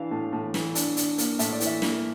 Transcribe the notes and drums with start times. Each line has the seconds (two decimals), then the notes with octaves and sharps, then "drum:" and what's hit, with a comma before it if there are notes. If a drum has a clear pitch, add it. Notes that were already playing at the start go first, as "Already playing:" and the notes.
Already playing: E3 D4 F5
0.11 A2
0.33 A2
0.54 E3, drum: snare
0.75 D4, drum: hi-hat
0.97 D4, drum: hi-hat
1.18 A#3, drum: hi-hat
1.39 A2 E5, drum: hi-hat
1.53 D5
1.60 E3, drum: hi-hat
1.66 E5
1.82 A#3, drum: snare